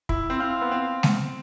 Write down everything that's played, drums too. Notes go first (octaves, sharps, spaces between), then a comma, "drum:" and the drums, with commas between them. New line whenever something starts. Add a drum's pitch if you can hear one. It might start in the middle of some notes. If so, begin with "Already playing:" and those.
E4, drum: kick
C4
C4 F5
B3
C4
drum: snare G#3